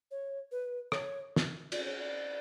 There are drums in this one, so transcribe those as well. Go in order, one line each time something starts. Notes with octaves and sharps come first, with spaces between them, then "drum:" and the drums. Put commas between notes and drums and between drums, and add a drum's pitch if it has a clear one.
C#5
B4
C#5, drum: rim click
drum: snare
D5, drum: cymbal
C#5
D5